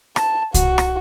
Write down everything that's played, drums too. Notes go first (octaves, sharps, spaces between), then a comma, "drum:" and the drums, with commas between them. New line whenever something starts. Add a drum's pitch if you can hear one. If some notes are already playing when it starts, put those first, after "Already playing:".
A5, drum: rim click
F#4, drum: kick C2, hi-hat
drum: rim click